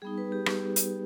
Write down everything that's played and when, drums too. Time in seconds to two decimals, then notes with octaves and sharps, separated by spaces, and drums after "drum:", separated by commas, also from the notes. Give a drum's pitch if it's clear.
0.02 G3 B3 D#4 G#4
0.18 B4
0.32 G4
0.46 G3 B3, drum: rim click
0.76 drum: hi-hat